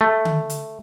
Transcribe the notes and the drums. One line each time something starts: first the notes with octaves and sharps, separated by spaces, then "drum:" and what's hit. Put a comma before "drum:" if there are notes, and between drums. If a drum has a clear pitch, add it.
A3
drum: tom D3
drum: hi-hat